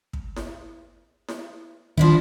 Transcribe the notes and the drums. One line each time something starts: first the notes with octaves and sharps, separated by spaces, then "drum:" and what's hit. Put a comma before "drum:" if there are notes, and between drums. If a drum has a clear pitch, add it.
drum: kick
drum: snare E4
drum: snare E4
D#3 F3 D4 E4, drum: kick